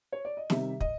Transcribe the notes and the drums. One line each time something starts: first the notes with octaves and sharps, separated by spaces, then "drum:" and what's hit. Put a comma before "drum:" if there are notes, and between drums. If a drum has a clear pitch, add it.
C#5
D5
D#5
C3 D#3 G3 E5, drum: snare
D#5, drum: kick